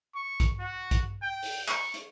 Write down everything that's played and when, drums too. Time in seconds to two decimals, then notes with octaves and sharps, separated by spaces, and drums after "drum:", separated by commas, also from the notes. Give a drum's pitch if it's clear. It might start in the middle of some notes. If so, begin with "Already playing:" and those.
0.15 C#6
0.40 drum: kick A#1, hi-hat
0.60 F#4
0.91 drum: kick A#1, hi-hat
1.22 G5
1.43 drum: open hi-hat
1.68 C#6, drum: clap
1.94 drum: hi-hat